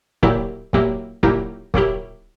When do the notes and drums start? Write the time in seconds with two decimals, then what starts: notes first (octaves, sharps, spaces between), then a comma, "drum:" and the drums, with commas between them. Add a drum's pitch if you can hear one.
0.23 A#2 F#3 A#3 E4 G4, drum: kick
0.73 A#2 F#3 A#3 E4 G4, drum: kick
1.23 A#2 F#3 A#3 E4 G4, drum: kick
1.74 A#2 F#3 A#3 E4 G4, drum: kick